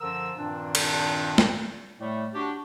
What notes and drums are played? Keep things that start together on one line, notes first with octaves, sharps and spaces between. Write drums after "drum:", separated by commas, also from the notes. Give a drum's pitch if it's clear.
F#2 D3 F3 A#4 E6
G2 A#2 D#3 C4 D4
drum: cymbal
drum: snare
A2 G3 A3
D4 F#4 G4